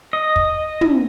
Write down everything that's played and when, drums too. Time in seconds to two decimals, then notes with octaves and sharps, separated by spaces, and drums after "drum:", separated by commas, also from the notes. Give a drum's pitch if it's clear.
0.13 D#5
0.36 drum: kick
0.81 drum: tom